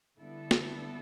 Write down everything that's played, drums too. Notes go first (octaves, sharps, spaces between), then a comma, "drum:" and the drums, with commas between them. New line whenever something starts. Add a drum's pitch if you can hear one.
D3 G3 B3 E4 A4
drum: snare